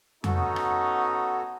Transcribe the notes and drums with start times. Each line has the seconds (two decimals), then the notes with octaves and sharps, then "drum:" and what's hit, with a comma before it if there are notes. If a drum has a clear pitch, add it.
0.24 B3 C#4 D#4 F#4 A4 F#5, drum: tom F2
0.56 drum: rim click